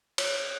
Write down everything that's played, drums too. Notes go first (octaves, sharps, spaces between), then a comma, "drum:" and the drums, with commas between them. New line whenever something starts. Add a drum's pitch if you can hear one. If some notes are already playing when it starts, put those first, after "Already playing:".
C#5, drum: cymbal